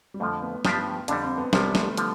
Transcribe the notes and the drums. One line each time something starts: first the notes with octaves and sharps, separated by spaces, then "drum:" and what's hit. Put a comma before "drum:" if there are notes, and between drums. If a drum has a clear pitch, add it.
G3
F2 D3 F3 A3
B3
G2 F3 B3 D4 G4, drum: snare
F2 D3 G3 D4, drum: hi-hat
C4
B3
C2 C3 F3 G3, drum: snare
A3, drum: snare
D3 F3, drum: hi-hat